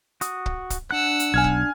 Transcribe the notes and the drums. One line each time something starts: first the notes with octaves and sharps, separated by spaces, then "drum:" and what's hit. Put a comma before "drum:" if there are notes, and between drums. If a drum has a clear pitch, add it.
F#4 D#6, drum: hi-hat
drum: kick
drum: kick, hi-hat
D4 F#5 E6 F#6
drum: hi-hat
B1 G#5 F6 G#6
drum: kick